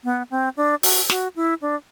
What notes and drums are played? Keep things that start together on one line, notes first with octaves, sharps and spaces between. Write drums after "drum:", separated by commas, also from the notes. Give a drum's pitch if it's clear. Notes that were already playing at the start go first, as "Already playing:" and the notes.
B3
C4
D4
F#4, drum: open hi-hat
F#4, drum: snare
E4
D4